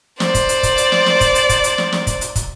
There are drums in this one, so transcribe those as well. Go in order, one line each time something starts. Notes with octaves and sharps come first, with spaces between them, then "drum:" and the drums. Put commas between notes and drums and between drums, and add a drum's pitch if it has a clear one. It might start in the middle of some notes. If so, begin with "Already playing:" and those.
C5 D5, drum: snare
drum: kick, hi-hat
drum: hi-hat
drum: kick, hi-hat
drum: hi-hat
drum: snare
drum: snare
drum: kick, hi-hat
drum: hi-hat
drum: kick, hi-hat
drum: hi-hat
drum: snare
drum: snare
drum: kick, hi-hat
drum: hi-hat
drum: kick, hi-hat